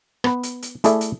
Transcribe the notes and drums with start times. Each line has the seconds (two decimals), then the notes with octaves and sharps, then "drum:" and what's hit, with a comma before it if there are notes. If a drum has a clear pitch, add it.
0.24 B3 B4, drum: rim click
0.43 drum: hi-hat
0.62 drum: hi-hat
0.84 A3 E4 G#4 A4 D5 E5, drum: hi-hat
1.01 drum: hi-hat